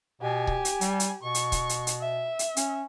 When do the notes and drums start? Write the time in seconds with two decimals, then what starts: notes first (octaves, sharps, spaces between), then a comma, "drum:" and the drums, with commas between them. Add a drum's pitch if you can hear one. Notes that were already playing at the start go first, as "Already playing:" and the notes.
0.21 B2 G4 G#5
0.47 drum: kick C#1
0.65 drum: hi-hat
0.81 G3, drum: hi-hat
1.00 drum: hi-hat
1.23 B2 C#6
1.35 drum: hi-hat
1.52 drum: kick C#1, hi-hat
1.69 drum: hi-hat
1.87 drum: hi-hat
2.01 E5
2.39 drum: hi-hat
2.57 C#4, drum: hi-hat